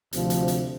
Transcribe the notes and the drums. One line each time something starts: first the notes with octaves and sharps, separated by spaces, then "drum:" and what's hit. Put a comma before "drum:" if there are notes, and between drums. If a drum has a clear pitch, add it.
D2 C3 F3, drum: hi-hat
drum: hi-hat
drum: hi-hat